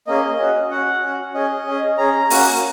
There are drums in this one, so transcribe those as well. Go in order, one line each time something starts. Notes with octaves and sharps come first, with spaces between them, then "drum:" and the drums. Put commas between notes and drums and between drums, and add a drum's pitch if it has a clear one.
A#3 C#4 G#4 D#5
C#4 F#4
C#4 F#4 F#5
C#4 F#4
C#4 G#4 D#5
C#4 G#4
C#4 G#4 A#5
A#3 C#4 F#4, drum: open hi-hat